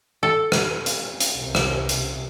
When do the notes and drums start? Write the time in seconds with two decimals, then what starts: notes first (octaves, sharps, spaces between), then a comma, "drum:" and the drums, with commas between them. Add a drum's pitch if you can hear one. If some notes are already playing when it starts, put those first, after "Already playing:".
0.23 A4
0.52 drum: rim click
0.86 drum: hi-hat
1.21 drum: hi-hat
1.38 C2 C3
1.55 drum: rim click
1.89 drum: hi-hat